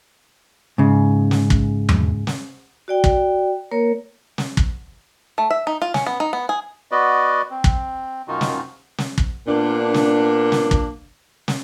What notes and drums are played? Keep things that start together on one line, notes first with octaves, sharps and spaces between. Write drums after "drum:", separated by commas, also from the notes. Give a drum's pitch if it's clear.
G#2 C#3
drum: snare
drum: kick
drum: tom E2
drum: snare
F#4 D5 G5
drum: kick
A#3 A#4 C#5
drum: snare
drum: kick
A3
E5
D#4
F4
C#4, drum: snare
B3
D#4
B3
G#4
B3 F#4 B4 D5 D#5
C4
drum: kick
F#2 B2 D#3 D#4 F4 F#4
drum: snare
drum: snare
drum: kick
A#2 A#3 B3 D4
drum: snare
drum: snare
drum: kick
drum: snare